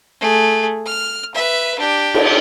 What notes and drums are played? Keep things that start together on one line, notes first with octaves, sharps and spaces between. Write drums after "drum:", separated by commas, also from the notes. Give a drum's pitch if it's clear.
A3 G#4
F6
B4 E5
D4 G4
drum: cymbal